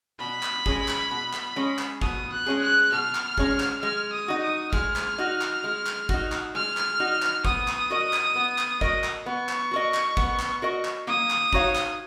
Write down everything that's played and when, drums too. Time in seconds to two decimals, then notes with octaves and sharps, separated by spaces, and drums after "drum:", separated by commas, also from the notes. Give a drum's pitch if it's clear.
0.20 B2 B5
0.43 drum: clap
0.66 G#3 C#4 G#4, drum: kick
0.88 drum: clap
1.11 B2
1.33 drum: clap
1.56 G#3 C#4 G#4
1.79 drum: clap
2.01 B2 D#6, drum: kick
2.32 F#6
2.46 G#3 C#4 G#4
2.62 F#6
2.92 B2 F6
3.15 drum: clap
3.38 G#3 C#4 G#4, drum: kick
3.60 drum: clap
3.82 G#3 F6
4.13 D#6
4.28 D#4 F#4
4.43 D#6
4.73 G#3 F6, drum: kick
4.96 drum: clap
5.18 D#4 F#4
5.41 drum: clap
5.64 G#3
5.87 drum: clap
6.09 D#4 F#4, drum: kick
6.32 drum: clap
6.55 G#3 F6
6.77 drum: clap
7.00 D#4 F#4
7.22 drum: clap
7.45 B3 D#6, drum: kick
7.68 drum: clap
7.90 F#4 A#4 D#5
8.13 drum: clap
8.35 B3
8.58 drum: clap
8.81 F#4 A#4 D#5, drum: kick
9.04 drum: clap
9.26 B3 C#6
9.49 drum: clap
9.71 F#4 A#4 D#5
9.94 drum: clap
10.17 B3, drum: kick
10.40 drum: clap
10.62 F#4 A#4 D#5
10.85 drum: clap
11.07 A#3 D#6
11.30 drum: clap
11.53 D#4 F#4 C#5 F5, drum: kick
11.75 drum: clap